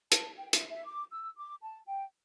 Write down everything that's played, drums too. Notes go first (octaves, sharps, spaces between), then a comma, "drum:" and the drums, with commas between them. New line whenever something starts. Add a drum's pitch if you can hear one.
A5, drum: hi-hat
G5
E5, drum: hi-hat
E5
D6
E6
D6
A5
G5